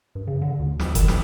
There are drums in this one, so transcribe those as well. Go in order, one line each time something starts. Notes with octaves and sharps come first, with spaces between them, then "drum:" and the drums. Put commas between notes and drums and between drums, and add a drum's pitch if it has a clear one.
G2
C#3
D3
D2
D2, drum: snare
D#3, drum: kick F#1, hi-hat
D#1, drum: snare